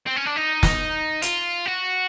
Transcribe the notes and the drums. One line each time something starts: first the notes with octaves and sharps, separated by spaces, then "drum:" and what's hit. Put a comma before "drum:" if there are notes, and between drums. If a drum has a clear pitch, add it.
C4
C#4
D4
D#4
drum: snare
F4, drum: hi-hat
F#4